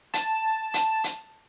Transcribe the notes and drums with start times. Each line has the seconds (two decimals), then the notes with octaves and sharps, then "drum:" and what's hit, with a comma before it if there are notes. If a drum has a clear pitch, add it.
0.14 A5, drum: hi-hat
0.74 drum: hi-hat
1.04 drum: hi-hat